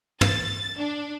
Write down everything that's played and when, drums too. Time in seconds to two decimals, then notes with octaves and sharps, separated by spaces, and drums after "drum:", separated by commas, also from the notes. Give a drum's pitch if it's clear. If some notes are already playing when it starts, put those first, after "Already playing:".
0.21 A6, drum: tom
0.78 D4